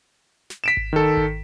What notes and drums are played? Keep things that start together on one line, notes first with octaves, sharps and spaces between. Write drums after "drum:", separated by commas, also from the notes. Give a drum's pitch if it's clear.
drum: snare
B6 D7 E7
drum: kick G#1
D#3 A4
drum: kick G#1